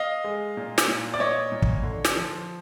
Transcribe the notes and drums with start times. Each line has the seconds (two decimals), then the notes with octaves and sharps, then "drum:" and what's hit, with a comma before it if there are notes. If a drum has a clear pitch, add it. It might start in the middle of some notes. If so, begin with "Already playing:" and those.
Already playing: D#5 F5
0.24 G#3
0.57 A#2
0.78 drum: snare
0.88 A#2
1.14 D5
1.20 A#2 C#5 D#5
1.52 A#2
1.62 drum: kick
1.83 D3
2.05 drum: snare
2.15 F3